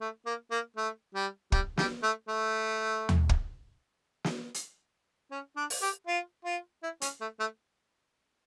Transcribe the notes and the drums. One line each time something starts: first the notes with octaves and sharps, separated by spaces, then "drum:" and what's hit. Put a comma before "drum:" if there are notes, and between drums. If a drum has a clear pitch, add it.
A3
A#3
A#3
A3
G3
G3, drum: kick
G3, drum: snare
A3
A3
drum: tom D#2
drum: kick
drum: snare
drum: hi-hat
C#4
D4
drum: open hi-hat
G4
F4
F4
E4
C#4, drum: hi-hat
A3
A3